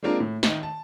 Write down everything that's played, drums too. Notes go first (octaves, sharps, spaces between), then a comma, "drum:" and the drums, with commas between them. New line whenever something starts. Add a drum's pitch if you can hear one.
G#3 A#3 C4 D4 F4 A#4
A2
D#3 D#4, drum: snare
A5